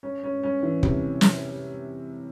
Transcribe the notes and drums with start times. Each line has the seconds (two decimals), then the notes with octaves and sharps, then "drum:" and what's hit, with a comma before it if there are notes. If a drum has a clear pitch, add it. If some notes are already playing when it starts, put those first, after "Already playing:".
0.03 C#4
0.24 C#4
0.43 C#4
0.63 E3
0.83 C3, drum: kick
1.21 drum: snare